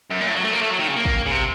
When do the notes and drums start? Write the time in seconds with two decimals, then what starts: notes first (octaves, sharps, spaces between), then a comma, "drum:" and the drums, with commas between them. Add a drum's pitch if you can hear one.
0.10 F#2
0.21 A#2
0.27 A2
0.36 F#3
0.44 A3
0.53 A#3
0.61 A3
0.71 F#3
0.79 D#3
0.88 C#3
0.96 A#3
1.05 drum: kick
1.26 C#3
1.31 C3